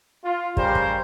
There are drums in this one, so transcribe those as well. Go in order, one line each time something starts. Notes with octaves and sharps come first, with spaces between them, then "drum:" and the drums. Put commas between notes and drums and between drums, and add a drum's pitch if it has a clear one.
F4
C#3 G3 G4 A#4 C5, drum: kick
drum: kick